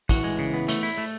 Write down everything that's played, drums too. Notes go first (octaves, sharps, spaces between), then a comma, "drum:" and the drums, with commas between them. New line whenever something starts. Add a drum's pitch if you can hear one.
E3 F#4, drum: kick, hi-hat
G#3
C#3
B3
A3, drum: hi-hat
E4
A3